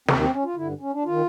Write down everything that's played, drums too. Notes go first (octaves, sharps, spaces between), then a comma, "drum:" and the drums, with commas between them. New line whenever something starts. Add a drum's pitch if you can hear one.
D#2 D#3 C4, drum: snare
C4
C#4
F4
G2 D3 E4
C#4
D4
D#3 F4